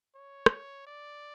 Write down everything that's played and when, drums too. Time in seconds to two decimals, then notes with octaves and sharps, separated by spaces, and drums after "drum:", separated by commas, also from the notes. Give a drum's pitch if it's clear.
0.15 C#5
0.46 drum: rim click
0.87 D5